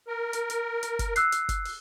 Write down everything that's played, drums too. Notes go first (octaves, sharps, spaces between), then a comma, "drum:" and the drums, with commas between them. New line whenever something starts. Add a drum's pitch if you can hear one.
A#4
drum: hi-hat
drum: hi-hat
drum: hi-hat
drum: kick F#1, hi-hat
E6 F#6 C7, drum: hi-hat
drum: hi-hat
drum: kick F#1, hi-hat
drum: open hi-hat